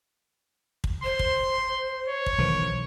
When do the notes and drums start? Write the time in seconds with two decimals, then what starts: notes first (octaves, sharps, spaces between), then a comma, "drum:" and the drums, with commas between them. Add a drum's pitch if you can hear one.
0.84 drum: kick
1.04 C5 C6
1.19 drum: kick
2.09 C#5
2.26 drum: kick
2.38 B1 D#3 E3